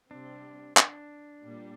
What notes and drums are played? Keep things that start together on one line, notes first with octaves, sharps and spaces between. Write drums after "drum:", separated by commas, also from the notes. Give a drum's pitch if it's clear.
C3 G3 C4 D4
D4, drum: clap
A#2 G3